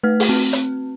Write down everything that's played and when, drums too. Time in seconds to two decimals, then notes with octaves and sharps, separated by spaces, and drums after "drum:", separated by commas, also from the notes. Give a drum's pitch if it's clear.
0.03 A3 B4 F6
0.20 drum: open hi-hat
0.29 C4
0.53 drum: hi-hat